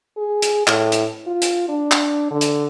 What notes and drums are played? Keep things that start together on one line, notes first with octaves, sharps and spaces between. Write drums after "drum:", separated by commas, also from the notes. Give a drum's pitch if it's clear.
G#4
drum: hi-hat
A2, drum: clap
drum: hi-hat
F4
drum: hi-hat
D4
drum: clap
D3
drum: hi-hat